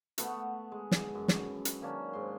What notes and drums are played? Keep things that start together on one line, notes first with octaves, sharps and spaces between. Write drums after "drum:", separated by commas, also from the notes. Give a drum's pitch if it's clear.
A3 B3 F#5, drum: hi-hat
G#3
drum: snare
F#2
drum: snare
drum: hi-hat
D#3 A#3 C#4 D4
G#2 C6